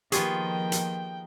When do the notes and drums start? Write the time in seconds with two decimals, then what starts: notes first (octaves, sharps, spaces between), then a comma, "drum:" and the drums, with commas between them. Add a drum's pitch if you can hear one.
0.12 D#3 F3 A#3 B3 F4 G4 G#4 G5, drum: hi-hat
0.72 drum: hi-hat